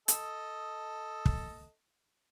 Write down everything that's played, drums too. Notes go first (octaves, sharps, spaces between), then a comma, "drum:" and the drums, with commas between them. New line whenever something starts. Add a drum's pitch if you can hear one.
A4 D#5, drum: hi-hat
drum: kick